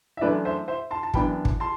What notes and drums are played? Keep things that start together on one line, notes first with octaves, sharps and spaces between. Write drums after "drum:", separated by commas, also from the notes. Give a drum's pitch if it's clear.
E5
F#2 E3 A3 D4 B4 D5
C5 E5
C5 E5
A5 C6
A5
F#2 E3 B3 D4 G5 B5, drum: kick
drum: kick
A5 C6